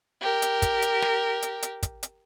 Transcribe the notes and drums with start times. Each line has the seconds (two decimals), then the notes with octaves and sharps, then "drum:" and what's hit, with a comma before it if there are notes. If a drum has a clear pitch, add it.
0.22 G4 A#4
0.42 drum: hi-hat
0.62 drum: kick, hi-hat
0.82 drum: hi-hat
1.02 drum: snare
1.42 drum: hi-hat
1.62 drum: hi-hat
1.83 drum: kick, hi-hat
2.03 drum: hi-hat